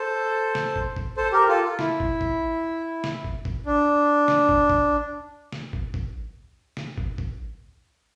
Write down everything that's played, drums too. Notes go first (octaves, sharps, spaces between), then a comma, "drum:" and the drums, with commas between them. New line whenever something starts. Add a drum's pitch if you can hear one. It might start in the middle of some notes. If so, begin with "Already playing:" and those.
Already playing: A4 C5
drum: snare
drum: kick
drum: kick
A4 C5
G4 A#4
F4 A4
F4
E4, drum: snare
drum: kick
drum: kick
drum: snare
drum: kick
drum: kick
D4
drum: snare
drum: kick
drum: kick
drum: snare
drum: kick
drum: kick
drum: snare
drum: kick
drum: kick